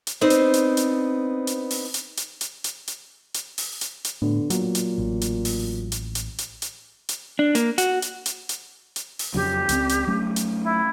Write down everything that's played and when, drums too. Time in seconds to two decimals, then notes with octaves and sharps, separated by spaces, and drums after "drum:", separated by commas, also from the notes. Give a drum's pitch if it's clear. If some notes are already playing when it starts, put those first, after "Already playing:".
0.07 drum: hi-hat
0.21 B3 C4 D4 D#4 C5
0.30 drum: hi-hat
0.54 drum: hi-hat
0.77 drum: hi-hat
1.47 drum: hi-hat
1.71 drum: open hi-hat
1.94 drum: hi-hat
2.17 drum: hi-hat
2.41 drum: hi-hat
2.64 drum: hi-hat
2.88 drum: hi-hat
3.34 drum: hi-hat
3.58 drum: open hi-hat
3.81 drum: hi-hat
4.04 drum: hi-hat
4.22 A2 D3 B3
4.50 A#2 F#3, drum: hi-hat
4.75 drum: hi-hat
4.98 A1
5.21 drum: hi-hat
5.45 drum: open hi-hat
5.92 drum: hi-hat
6.15 drum: hi-hat
6.38 drum: hi-hat
6.62 drum: hi-hat
7.09 drum: hi-hat
7.39 D4
7.55 A#3, drum: hi-hat
7.78 F#4, drum: hi-hat
8.02 drum: hi-hat
8.26 drum: hi-hat
8.49 drum: hi-hat
8.96 drum: hi-hat
9.19 drum: open hi-hat
9.34 F2 C#3 F#3 G4
9.69 C#2 G3 C4, drum: hi-hat
9.89 drum: hi-hat
10.07 F#3 A3 C#4
10.36 drum: hi-hat
10.63 E4